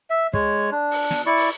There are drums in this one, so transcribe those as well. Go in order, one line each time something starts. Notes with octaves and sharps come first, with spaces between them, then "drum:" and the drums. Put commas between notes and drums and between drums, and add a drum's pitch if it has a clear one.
E5
G#3 C#5, drum: kick
D4
drum: open hi-hat
drum: snare
E4 D5 C#6
drum: open hi-hat